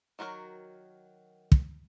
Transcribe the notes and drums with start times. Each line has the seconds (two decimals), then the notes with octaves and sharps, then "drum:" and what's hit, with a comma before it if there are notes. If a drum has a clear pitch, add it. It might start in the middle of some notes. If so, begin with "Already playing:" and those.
0.19 D#3 F#3 F#4 A#4
1.52 drum: kick